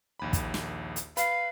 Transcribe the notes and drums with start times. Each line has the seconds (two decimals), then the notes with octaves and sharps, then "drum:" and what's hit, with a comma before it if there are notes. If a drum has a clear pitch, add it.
0.20 A#1 D#2 B5
0.33 drum: kick, hi-hat
0.54 drum: snare
0.96 drum: hi-hat
1.17 B4 F5 B5, drum: hi-hat